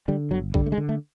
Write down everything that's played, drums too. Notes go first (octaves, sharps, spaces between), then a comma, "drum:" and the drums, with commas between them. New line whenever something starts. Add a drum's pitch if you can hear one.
D3 G3
G1 F#3
D3 G3, drum: kick
A3
G#3
D3
A3